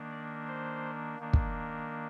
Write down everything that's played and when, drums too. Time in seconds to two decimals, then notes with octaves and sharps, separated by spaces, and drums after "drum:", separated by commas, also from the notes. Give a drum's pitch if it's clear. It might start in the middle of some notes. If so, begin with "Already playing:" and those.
Already playing: D#3 A#3 D4
0.11 D5
0.47 C5
1.19 D#3 A#3 D4
1.33 drum: kick